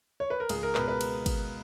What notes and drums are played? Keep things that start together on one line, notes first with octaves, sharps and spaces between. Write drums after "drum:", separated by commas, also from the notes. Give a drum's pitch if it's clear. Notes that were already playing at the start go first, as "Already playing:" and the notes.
C#5
B4
A#4
C#2 G#4, drum: cymbal
A#4
B2 G#3 B4, drum: clap
B4
drum: cymbal
drum: kick, cymbal